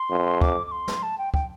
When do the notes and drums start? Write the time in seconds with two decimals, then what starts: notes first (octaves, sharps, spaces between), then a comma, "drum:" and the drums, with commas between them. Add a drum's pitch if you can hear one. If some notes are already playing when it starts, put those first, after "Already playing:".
Already playing: C6
0.11 F2
0.41 D6, drum: kick
0.67 D6
0.72 C6
0.88 drum: snare
1.03 A5
1.18 G5
1.34 G5, drum: kick